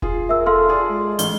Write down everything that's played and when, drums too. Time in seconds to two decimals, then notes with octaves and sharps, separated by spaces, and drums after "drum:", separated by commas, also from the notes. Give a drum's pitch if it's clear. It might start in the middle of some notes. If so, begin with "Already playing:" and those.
0.02 F4 G#4, drum: kick E1
0.29 A#4 E5 E6
0.46 A4 F5 C6 F6
0.69 F4 G#4 D5
0.89 G#3
1.19 A1 G7, drum: hi-hat